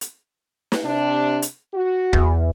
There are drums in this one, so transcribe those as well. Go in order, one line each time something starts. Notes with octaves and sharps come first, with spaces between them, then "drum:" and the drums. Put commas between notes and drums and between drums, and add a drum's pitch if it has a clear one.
drum: hi-hat
drum: snare
C3 D4
drum: hi-hat
F#4
E2, drum: kick